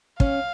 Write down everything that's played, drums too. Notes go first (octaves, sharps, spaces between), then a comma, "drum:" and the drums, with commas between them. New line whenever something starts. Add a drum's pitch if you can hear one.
C#4 F5, drum: kick